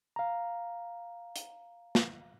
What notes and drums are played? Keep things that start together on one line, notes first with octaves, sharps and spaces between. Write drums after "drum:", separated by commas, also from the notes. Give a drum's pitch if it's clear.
F5 A#5
drum: hi-hat
drum: snare